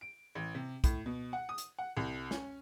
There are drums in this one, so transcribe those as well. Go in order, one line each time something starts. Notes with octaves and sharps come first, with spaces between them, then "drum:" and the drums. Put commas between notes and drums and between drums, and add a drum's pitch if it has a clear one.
D7
A1
C3
A2, drum: kick, hi-hat
B2
F#5
D#6
drum: hi-hat
F#5
C2
C#4, drum: snare